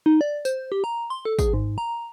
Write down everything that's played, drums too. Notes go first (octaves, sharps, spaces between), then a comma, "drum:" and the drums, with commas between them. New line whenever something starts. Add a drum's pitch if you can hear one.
D#4
D5
C5, drum: tambourine
G4
A#5
C6
A4
G#4, drum: kick, tambourine
G#2
A#5